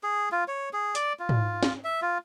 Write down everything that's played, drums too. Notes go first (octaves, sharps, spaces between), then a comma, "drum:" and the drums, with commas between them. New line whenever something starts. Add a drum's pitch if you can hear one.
G#4
F4
C#5
G#4
D5, drum: hi-hat
F4
drum: tom G#2
drum: snare
E5
F4